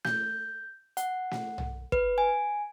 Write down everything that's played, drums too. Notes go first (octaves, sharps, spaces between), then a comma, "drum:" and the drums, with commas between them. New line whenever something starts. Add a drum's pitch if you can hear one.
G6, drum: snare
F#5, drum: hi-hat
drum: snare
drum: tom
B4, drum: kick
G#5